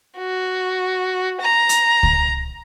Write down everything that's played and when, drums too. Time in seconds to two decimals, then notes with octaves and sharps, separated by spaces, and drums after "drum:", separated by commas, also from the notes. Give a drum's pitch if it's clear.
0.17 F#4
1.41 A#5
1.69 drum: hi-hat
2.03 drum: kick C#2